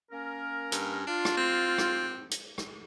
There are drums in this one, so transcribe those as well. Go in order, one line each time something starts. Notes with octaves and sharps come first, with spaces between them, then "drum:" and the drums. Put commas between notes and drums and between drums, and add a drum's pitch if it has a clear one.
A#3 C#4 A#4
G2, drum: hi-hat
D4 F4
drum: rim click
C4
drum: rim click
drum: hi-hat
drum: rim click